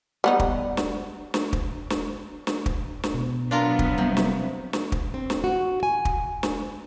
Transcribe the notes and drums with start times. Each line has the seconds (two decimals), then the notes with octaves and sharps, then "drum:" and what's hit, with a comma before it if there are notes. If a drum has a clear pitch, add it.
0.24 G3 B3 D#4
0.40 drum: kick
0.77 drum: snare
1.34 drum: snare
1.53 drum: kick
1.90 drum: snare
2.47 drum: snare
2.66 drum: kick
3.03 drum: snare
3.14 B2
3.51 F#3 B3 D4 F4 A#4
3.79 drum: kick
3.98 C3 G3
4.17 drum: snare
4.73 drum: snare
4.92 drum: kick
5.14 C4
5.30 drum: snare
5.44 F#4
5.83 G#5
6.05 drum: kick
6.43 drum: snare